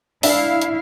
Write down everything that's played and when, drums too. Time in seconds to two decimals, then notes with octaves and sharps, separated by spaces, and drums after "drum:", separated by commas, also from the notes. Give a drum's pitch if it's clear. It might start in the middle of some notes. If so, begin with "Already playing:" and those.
0.23 D4 E4 E5 F5, drum: open hi-hat
0.62 drum: hi-hat